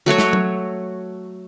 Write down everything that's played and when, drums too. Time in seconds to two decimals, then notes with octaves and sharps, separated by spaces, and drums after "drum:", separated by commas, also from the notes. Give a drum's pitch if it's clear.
0.06 F#3 A3 F#4 C#5
0.18 drum: snare
0.33 drum: tom F#3